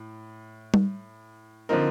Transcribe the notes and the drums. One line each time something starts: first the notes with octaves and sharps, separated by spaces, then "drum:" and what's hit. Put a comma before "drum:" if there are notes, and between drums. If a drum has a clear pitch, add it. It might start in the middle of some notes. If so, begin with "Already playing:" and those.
Already playing: A2
drum: tom G3
D3 F3 C4 D#4 A#4